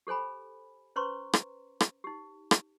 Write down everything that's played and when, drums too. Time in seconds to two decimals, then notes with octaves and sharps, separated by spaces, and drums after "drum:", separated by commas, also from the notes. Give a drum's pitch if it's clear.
0.07 G4 A4 C5 G#5 B5
0.96 C#4 B4 C5 A#5 C6 C#6
1.33 drum: rim click
1.80 drum: rim click
2.04 D#4 G4
2.51 drum: rim click